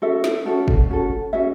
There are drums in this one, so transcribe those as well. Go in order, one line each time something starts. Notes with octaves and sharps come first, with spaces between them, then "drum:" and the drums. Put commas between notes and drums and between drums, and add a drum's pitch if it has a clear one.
C#4 F#4 A4 E5
drum: snare
C#4 F#4 A4
drum: kick
C#4 F#4 A4
C#4 F#4 A4 E5